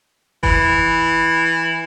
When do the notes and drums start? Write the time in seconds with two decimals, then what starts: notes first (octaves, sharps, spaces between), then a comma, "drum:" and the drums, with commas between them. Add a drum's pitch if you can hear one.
0.43 E3, drum: kick F#1